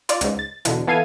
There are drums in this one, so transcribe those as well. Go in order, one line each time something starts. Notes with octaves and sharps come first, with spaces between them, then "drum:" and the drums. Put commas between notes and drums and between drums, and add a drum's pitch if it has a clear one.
F4 D5, drum: hi-hat
C#2 G#2, drum: hi-hat
A6
E2 B2 D3, drum: hi-hat
E3 B3 A4 F5 G#6 D#7